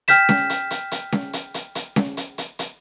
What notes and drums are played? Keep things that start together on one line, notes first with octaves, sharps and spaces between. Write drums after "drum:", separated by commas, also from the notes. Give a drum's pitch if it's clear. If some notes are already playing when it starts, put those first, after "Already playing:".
G5 F6 G6 B6 E7, drum: hi-hat
drum: snare C#4
drum: hi-hat
drum: hi-hat
drum: hi-hat
drum: snare C#4
drum: hi-hat
drum: hi-hat
drum: hi-hat
drum: snare C#4
drum: hi-hat
drum: hi-hat
drum: hi-hat